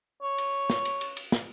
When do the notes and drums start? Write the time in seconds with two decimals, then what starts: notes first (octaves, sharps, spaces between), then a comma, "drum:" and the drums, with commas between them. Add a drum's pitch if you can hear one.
0.23 C#5
0.38 drum: cymbal
0.70 drum: snare
0.85 drum: cymbal
1.01 drum: cymbal
1.17 drum: cymbal
1.32 drum: snare